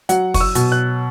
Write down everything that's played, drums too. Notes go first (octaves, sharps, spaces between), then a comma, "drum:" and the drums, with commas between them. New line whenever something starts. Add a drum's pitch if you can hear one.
F#3 F#5, drum: hi-hat
C#6, drum: kick, open hi-hat
E6
B2, drum: hi-hat
F#6